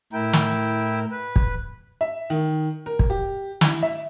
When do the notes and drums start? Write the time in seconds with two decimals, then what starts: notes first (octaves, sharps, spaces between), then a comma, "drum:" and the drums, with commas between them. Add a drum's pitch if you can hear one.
0.13 A2 E4 A#4 G5
0.33 drum: snare
1.11 B4
1.36 drum: kick
2.01 E5
2.30 D#3
2.86 A#4
2.99 drum: kick
3.10 G4
3.61 E4, drum: snare
3.83 E5